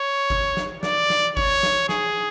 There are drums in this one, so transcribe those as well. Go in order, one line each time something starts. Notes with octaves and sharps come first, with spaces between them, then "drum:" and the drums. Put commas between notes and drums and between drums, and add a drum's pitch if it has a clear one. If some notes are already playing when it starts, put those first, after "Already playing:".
Already playing: C#5
drum: kick G1
drum: snare
D5, drum: snare
drum: snare
C#5, drum: kick G1
drum: snare
G#4, drum: snare